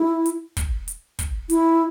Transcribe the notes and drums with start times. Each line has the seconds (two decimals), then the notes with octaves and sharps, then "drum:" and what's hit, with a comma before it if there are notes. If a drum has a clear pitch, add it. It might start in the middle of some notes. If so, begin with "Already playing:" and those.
Already playing: E4
0.26 drum: hi-hat
0.57 drum: kick, hi-hat
0.88 drum: hi-hat
1.19 drum: kick, hi-hat
1.50 E4, drum: hi-hat